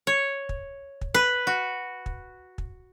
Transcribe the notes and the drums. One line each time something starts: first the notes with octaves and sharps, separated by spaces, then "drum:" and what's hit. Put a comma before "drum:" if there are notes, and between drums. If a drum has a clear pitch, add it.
C#5
drum: kick
drum: kick
B4
F#4
drum: kick
drum: kick